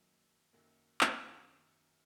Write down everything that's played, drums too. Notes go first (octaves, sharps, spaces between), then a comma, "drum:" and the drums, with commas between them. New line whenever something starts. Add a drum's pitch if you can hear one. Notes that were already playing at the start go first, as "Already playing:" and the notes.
Already playing: F#2 D#3 F#3 A#3
F#2 D#3 F#3 A#3
drum: clap
F#2 D#3 F#3 A#3